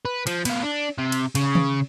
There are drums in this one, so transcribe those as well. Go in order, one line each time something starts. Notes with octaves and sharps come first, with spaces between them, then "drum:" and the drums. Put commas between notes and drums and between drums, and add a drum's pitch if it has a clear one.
B4
F3, drum: cymbal
B2 F4, drum: cymbal
D4
C3
drum: cymbal
C#3, drum: cymbal
drum: tom D#3